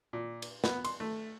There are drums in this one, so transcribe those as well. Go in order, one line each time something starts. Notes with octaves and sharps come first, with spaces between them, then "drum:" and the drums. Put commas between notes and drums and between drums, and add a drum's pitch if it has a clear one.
A#2
drum: cymbal
B3, drum: snare
C6, drum: cymbal
A3